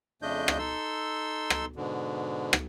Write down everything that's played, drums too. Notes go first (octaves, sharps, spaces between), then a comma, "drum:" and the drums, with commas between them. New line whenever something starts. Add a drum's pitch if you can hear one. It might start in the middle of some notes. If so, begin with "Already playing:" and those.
F2 C#3 A3 D4 D#5 G6
drum: rim click
D#4 A4 C6 E6
drum: rim click
G#2 B2 D3
drum: rim click